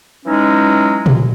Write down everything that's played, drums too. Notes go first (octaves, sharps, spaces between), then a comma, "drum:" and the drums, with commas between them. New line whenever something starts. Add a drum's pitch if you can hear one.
E3 F#3 G#3 C#4 D#4
drum: tom A#2